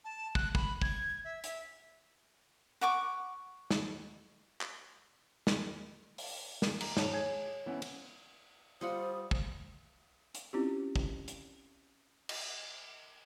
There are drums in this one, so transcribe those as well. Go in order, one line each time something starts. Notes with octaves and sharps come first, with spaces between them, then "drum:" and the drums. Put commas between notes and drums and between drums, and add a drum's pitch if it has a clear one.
A5
F#6, drum: kick
B5, drum: kick
G#6, drum: kick
E5
E5, drum: hi-hat
F#5 C#6 D6
drum: snare
drum: clap
drum: snare
drum: open hi-hat
drum: snare
A#5, drum: cymbal
G#2 C#5 A5 F7, drum: snare
G#4 C#5 G#6
E3 B3 C#4
drum: cymbal
G3 F4 C5 F#5 D#6
drum: kick
drum: hi-hat
C4 C#4 E4 F4 G4
drum: kick
drum: hi-hat
drum: cymbal